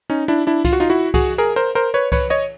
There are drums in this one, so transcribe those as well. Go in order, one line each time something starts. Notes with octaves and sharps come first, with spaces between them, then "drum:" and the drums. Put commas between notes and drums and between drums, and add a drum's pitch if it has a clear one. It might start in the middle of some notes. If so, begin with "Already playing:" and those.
C#4 D#4
D4 E4
D4 E4
F4, drum: kick C2, cymbal
F#4
D#4 F4
E4 F#4
F#4 G#4, drum: kick C2, cymbal
G#4 A#4
A#4 C5
A#4 C5
B4 C#5
B4 C#5, drum: kick C2, cymbal
C#5 D#5